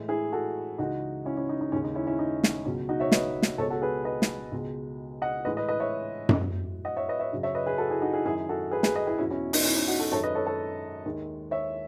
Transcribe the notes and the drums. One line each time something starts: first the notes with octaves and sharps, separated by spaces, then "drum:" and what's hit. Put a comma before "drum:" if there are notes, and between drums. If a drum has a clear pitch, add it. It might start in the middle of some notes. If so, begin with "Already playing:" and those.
Already playing: A2 E3 G#3
E4 G#4
F#4 A4
C#2 C#3 E3 G#3 D#4 F#4
C#4 E4
C#4 E4
D#4
D#4
D#2 C#3 G#3 C#4
D#4
C#4 E4
C#4 E4
D#4
drum: snare
C#2 B2 F#3 C#4
D#4 F#4
C#5 E5
B4 D#5, drum: snare
drum: snare
C#2 B2 G#3 A4 C#5
F#4 A4
G#4 B4
B4 D#5
drum: snare
C#2 B2 G#3
D#5 F#5
A2 E3 G#3 B4 D#5
B4 D#5
B4 D#5
C#5 E5
drum: tom F#2
A2 F#3
D#5 F#5
C#5 E5
B4 D#5
C#5 E5
F#2 C#3 F#3
C#5 E5
B4 D#5
G#4 B4
F#4 A4
E4 G#4
D#4 F#4
E4 G#4
F#2 D#3 G#3 E4 G#4
F#4 A4
G#4 B4
G#4 B4, drum: snare
B4 D#5
E4 G#4
E2 B2 F#3 C#4 E4
C#4 E4
D#4, drum: open hi-hat
C#4 E4
D#4
D#4 F#4
F#4 A4
F#2 D#3 G#3 A4 C#5
B4 D#5
A4 C#5
A4 C#5
D#2 D#3 G#3
C#5 E5